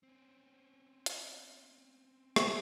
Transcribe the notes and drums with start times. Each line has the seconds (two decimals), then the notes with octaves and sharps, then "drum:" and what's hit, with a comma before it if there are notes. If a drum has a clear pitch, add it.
0.03 C4 C#4
1.06 drum: hi-hat
2.36 drum: rim click